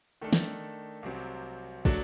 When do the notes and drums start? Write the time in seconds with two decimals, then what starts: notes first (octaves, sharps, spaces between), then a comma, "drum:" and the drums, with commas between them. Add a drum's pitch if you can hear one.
0.21 D#3 A3 D4 A4
0.33 drum: snare
1.03 C2 C3 F#3 C4
1.85 F#3 A3 D4 F#4, drum: kick